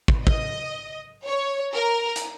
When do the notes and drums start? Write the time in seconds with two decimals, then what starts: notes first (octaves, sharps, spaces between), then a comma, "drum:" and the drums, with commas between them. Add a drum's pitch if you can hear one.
0.08 drum: kick
0.27 D#5, drum: kick
1.25 C#5
1.74 A#4
2.16 drum: hi-hat